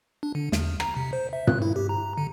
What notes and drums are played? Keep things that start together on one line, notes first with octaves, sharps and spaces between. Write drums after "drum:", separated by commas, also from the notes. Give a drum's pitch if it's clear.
D4
D3
E2, drum: snare
A#5, drum: rim click
C3
C5
E5
F#6, drum: tom
E4
G4
A#5
D3